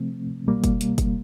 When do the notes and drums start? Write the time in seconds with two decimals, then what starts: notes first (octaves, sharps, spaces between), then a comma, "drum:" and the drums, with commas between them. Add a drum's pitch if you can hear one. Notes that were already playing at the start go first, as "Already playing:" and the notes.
Already playing: C3 F3 A3 C4
0.46 C2 B2 G3 A#3
0.64 drum: kick, hi-hat
0.81 drum: hi-hat
0.98 drum: kick, hi-hat